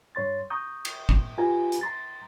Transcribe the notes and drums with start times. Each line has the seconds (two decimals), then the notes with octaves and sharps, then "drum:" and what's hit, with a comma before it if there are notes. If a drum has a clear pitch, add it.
0.15 G2 C#5 C6 A6
0.50 A#5 C#6 D#6 G6
0.85 drum: cymbal
1.09 drum: kick
1.38 F4 G4 B4 G#5 A#5
1.72 drum: hi-hat
1.81 A#5 C6 A6